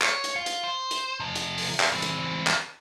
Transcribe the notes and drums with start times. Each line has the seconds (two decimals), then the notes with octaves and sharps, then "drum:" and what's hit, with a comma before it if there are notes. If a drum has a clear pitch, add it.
0.02 C#5, drum: clap
0.24 drum: hi-hat
0.36 F4
0.46 drum: hi-hat
0.64 C5
0.91 drum: hi-hat
1.20 C3 F3
1.35 drum: hi-hat
1.58 drum: open hi-hat
1.80 drum: clap
1.92 E3 C4
2.02 drum: hi-hat
2.47 drum: clap